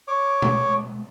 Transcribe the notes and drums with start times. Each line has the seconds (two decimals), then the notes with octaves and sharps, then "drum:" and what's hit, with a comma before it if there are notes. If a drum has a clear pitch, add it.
0.08 C#5 D6
0.42 drum: tom B2